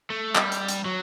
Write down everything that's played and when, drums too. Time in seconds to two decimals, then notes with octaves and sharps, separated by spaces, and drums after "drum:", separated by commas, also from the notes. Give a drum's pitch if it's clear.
0.10 A3
0.35 G3, drum: clap
0.52 drum: hi-hat
0.68 drum: hi-hat
0.85 F#3